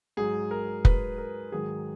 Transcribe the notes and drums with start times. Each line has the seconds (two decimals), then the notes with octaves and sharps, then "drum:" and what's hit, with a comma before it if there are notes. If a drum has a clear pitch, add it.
0.17 G#2 F#3 G#4
0.51 A#4
0.85 B4, drum: kick F1
1.18 A#4
1.52 G#2 D#3 F#3 G#4